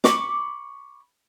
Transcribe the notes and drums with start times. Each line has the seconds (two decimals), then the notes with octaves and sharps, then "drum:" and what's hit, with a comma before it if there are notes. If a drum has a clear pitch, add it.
0.04 B5 C#6 D6, drum: snare